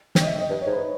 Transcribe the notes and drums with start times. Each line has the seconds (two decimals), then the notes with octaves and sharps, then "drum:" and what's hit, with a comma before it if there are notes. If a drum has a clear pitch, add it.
0.15 G5, drum: snare
0.21 D#5
0.26 E5
0.39 D#5
0.50 G2 D#5
0.61 C#5
0.66 G#2
0.72 B4